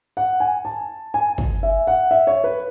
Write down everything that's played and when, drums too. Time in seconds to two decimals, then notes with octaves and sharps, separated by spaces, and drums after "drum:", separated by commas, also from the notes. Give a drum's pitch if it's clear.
0.17 F#5
0.40 G#5
0.65 A5
1.14 G#5
1.38 drum: kick
1.63 E5
1.87 F#5
2.11 E5
2.27 C#5
2.44 B4